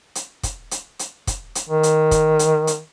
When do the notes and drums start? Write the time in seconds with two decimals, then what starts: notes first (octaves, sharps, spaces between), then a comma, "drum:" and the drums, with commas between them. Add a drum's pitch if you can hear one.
0.15 drum: hi-hat
0.43 drum: kick, hi-hat
0.71 drum: hi-hat
0.99 drum: hi-hat
1.27 drum: kick, hi-hat
1.55 drum: hi-hat
1.69 D#3
1.83 drum: hi-hat
2.11 drum: kick, hi-hat
2.39 drum: hi-hat
2.67 drum: hi-hat